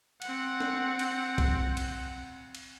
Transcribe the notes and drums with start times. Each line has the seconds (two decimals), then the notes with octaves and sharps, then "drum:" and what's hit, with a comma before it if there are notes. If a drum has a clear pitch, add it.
0.22 C4 F#5, drum: cymbal
0.60 drum: snare C#4
0.99 drum: cymbal
1.38 drum: kick B1, cymbal
1.77 drum: cymbal
2.55 drum: cymbal